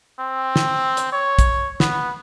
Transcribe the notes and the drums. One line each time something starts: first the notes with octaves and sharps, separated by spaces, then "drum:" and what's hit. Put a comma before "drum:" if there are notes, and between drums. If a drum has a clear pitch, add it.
C4
drum: snare
drum: hi-hat
C#5
drum: kick, hi-hat
B3, drum: snare